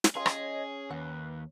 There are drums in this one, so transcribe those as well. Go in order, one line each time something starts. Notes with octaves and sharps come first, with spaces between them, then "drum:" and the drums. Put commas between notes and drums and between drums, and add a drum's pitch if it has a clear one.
drum: snare
G3 C#4 F4 G#4 C#5 D#5
drum: rim click
D#2 B4 F#5